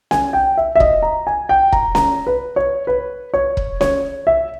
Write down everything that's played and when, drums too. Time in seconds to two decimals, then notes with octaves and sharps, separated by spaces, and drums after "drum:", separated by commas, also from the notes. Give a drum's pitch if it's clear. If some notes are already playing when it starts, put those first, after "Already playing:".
0.11 G#5, drum: snare C#4
0.33 G5
0.57 E5
0.76 E5
0.80 D#5, drum: kick
1.02 A#5
1.27 G#5
1.49 G5
1.72 A#5, drum: kick
1.95 A#5, drum: snare C#4
2.27 B4
2.56 C#5
2.87 B4
3.34 C#5
3.57 drum: kick
3.81 C#5, drum: snare C#4
4.27 E5